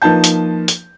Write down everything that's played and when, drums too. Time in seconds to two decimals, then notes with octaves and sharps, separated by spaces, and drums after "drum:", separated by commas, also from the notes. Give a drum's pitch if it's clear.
0.02 F3 A#3 D#4 B4 A5 G6
0.24 drum: hi-hat
0.68 drum: hi-hat